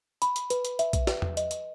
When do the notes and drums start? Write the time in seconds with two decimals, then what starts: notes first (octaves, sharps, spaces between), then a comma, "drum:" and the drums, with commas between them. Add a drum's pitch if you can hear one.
0.22 B5, drum: hi-hat
0.36 drum: hi-hat
0.50 B4, drum: hi-hat
0.65 drum: hi-hat
0.79 E5, drum: hi-hat
0.93 drum: kick A#1, hi-hat
1.07 B4, drum: snare
1.22 drum: tom E2
1.37 D#5, drum: hi-hat
1.51 drum: hi-hat